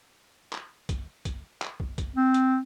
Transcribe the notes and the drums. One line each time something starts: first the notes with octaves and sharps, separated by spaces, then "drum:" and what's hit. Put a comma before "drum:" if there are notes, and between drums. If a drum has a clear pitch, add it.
drum: clap
drum: kick, hi-hat
drum: kick, hi-hat
drum: clap
drum: kick
drum: kick, hi-hat
C4
drum: hi-hat